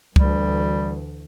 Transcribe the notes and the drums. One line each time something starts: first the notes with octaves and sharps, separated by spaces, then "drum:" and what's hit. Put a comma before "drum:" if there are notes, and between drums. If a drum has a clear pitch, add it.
D2 E3 G3, drum: kick C#2